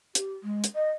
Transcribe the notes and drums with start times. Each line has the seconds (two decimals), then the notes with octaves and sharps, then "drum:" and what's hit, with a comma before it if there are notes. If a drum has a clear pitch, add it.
0.15 G4, drum: hi-hat
0.43 G#3
0.64 drum: hi-hat
0.75 D#5